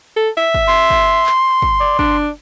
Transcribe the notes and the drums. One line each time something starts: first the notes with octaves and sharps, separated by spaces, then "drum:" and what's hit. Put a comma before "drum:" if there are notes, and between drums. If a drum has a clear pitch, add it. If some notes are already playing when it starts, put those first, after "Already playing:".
A4
E5
drum: kick
C6
drum: kick
drum: clap
drum: kick
D5
D4, drum: kick